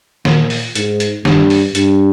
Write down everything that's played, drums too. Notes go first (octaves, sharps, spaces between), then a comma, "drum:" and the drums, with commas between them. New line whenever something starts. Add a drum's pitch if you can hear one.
A#2, drum: snare
drum: open hi-hat
G#2, drum: hi-hat
drum: hi-hat
G2, drum: snare
drum: open hi-hat
G2, drum: hi-hat